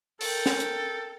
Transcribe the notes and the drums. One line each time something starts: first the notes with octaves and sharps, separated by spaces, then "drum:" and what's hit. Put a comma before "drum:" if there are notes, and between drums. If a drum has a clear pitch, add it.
A4 A#4 G5, drum: open hi-hat
drum: snare
drum: hi-hat